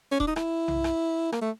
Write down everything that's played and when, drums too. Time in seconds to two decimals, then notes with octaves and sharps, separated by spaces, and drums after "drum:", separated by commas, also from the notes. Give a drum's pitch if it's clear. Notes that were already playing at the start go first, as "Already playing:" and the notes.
0.12 C#4
0.20 D4, drum: kick D#1
0.27 D#4
0.36 E4, drum: rim click
0.68 drum: tom B1
0.84 drum: rim click
1.33 A#3, drum: rim click
1.42 A3